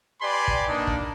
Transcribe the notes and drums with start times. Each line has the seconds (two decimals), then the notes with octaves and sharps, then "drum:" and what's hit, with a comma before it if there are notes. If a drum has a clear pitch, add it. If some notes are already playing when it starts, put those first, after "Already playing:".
0.21 G4 B4 D5 G#5 B5 C6
0.48 drum: kick
0.68 A#3 D4 D#4
0.87 drum: kick